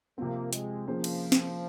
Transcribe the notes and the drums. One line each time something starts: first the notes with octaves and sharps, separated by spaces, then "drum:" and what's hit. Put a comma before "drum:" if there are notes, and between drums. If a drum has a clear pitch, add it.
C3 F3 A#3 C4
G#3, drum: hi-hat
F3 A#3 C#4 G#4 C5
drum: cymbal
drum: snare